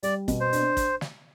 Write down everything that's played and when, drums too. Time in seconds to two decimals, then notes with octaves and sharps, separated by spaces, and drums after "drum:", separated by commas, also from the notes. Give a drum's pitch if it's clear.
0.03 G3 D5, drum: hi-hat
0.28 B2, drum: kick, hi-hat
0.40 C5
0.53 D4, drum: hi-hat
0.77 drum: kick, hi-hat
1.01 drum: snare